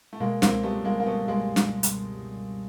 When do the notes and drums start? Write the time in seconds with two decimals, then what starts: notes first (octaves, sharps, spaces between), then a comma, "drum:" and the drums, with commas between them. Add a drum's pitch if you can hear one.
0.13 A3
0.20 B2 G#3 A#3
0.42 C#2 A#3 C4, drum: snare
0.63 G3 A3 B3
0.85 C#2 G#3 A#3
1.00 A#3
1.06 B2 A3 B3
1.28 G3 G#3 A#3
1.56 drum: snare
1.83 drum: hi-hat